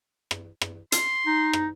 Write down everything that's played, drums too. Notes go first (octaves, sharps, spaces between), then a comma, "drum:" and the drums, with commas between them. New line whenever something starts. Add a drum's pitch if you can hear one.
drum: rim click
drum: rim click
C6, drum: hi-hat
D#4
drum: rim click